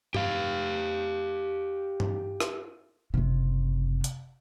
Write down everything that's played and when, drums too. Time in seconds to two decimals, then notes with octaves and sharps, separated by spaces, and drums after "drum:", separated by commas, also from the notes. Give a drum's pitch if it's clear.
0.14 G4 F5, drum: tom G2
2.00 drum: tom G2
2.40 drum: rim click
3.14 F#1 C3
4.04 drum: hi-hat